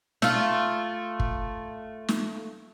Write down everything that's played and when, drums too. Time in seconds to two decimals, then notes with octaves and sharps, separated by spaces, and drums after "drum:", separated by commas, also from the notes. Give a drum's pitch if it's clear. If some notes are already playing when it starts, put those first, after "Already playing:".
0.22 A3 F4, drum: snare
1.20 drum: kick
2.08 drum: snare